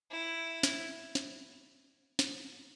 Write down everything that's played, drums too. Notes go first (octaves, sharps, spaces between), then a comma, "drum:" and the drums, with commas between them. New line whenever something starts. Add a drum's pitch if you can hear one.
E4
drum: snare
drum: snare
drum: snare